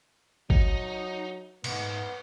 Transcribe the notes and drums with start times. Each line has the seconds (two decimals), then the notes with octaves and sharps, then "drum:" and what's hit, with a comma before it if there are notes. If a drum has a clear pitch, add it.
0.50 F#3 D#4, drum: kick
1.64 B1 G#2 B3, drum: cymbal